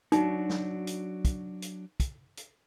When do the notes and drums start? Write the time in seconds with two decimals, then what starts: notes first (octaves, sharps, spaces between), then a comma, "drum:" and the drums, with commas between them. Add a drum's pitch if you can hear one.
0.12 F#3 D4 D#4 F#4, drum: hi-hat
0.50 drum: snare
0.87 drum: hi-hat
1.25 drum: kick, hi-hat
1.62 drum: hi-hat
2.00 drum: kick, hi-hat
2.37 drum: hi-hat